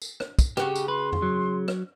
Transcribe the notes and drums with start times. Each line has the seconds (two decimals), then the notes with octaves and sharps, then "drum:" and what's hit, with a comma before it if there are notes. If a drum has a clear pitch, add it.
0.02 drum: tambourine
0.20 drum: rim click
0.39 drum: kick, tambourine
0.57 C#3 F#4 G4, drum: rim click
0.76 drum: tambourine
0.88 B4 C6
1.12 drum: tom F2
1.22 F#3
1.68 drum: rim click